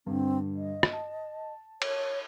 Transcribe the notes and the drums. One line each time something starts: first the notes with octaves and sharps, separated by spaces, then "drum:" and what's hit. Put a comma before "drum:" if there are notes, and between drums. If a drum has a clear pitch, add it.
G2 D3 C4
D#5
drum: rim click
A5
C#5, drum: cymbal